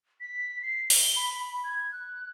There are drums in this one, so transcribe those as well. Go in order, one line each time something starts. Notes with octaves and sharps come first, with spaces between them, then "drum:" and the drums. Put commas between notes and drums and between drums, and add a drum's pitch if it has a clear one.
B6
C7
G7, drum: open hi-hat
B5
B5
G#6
F#6